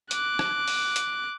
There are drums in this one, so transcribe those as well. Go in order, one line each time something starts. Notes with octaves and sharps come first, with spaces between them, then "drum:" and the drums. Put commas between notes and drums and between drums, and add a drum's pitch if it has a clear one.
D6 F#6, drum: hi-hat
drum: rim click
drum: open hi-hat
drum: hi-hat